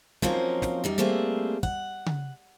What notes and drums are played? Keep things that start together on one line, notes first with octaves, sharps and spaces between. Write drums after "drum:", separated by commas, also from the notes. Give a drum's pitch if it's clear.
F3 F#3 A#3 C4 C#4 D#4, drum: snare
drum: snare
F#2 G3 D#4
G3 A3 A#3 C4 G#4 E5
F#5, drum: kick
drum: tom C#3